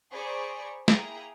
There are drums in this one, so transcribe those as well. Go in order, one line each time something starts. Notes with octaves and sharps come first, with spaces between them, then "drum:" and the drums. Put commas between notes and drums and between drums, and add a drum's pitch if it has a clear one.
G#4 C5 D5 A#5 B5 C#6
A#3 E4 G#4 G5 A#5, drum: snare